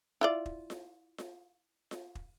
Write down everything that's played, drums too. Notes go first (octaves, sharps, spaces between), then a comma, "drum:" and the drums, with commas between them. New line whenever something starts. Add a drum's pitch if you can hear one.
E4 F4 D5
drum: kick
drum: snare F4
drum: snare F4
drum: snare F4
drum: kick